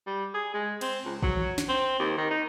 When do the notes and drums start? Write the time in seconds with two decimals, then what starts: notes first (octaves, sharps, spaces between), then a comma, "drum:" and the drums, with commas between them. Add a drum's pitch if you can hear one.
0.07 G3
0.34 G#4
0.54 G#3
0.81 C4, drum: cymbal
1.05 C#2
1.22 F#3, drum: kick A1
1.37 drum: tom D#3
1.58 drum: snare
1.69 C4
1.99 D#2
2.17 D#3
2.31 D#4